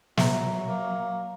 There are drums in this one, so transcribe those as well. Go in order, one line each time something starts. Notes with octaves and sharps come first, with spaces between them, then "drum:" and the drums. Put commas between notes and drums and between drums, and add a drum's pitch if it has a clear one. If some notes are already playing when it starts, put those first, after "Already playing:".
F#3 E5 A#5, drum: snare
A#3